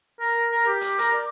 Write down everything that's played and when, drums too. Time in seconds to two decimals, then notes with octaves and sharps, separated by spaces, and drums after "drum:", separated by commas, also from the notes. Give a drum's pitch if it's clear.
0.20 A#4
0.52 A#4
0.67 G4
0.81 drum: hi-hat
0.99 A#4, drum: hi-hat
1.13 D5